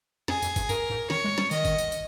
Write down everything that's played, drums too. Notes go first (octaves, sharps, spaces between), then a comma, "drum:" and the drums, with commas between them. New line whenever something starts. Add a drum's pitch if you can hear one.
F2 G#4, drum: snare
F2, drum: tambourine
G2, drum: kick G1, tambourine
G2 A#4, drum: tambourine
G#2
D#3 C#5, drum: snare
G#3
G3, drum: snare
D#3 D#5, drum: tambourine
drum: kick G1, tambourine
drum: tambourine
drum: tambourine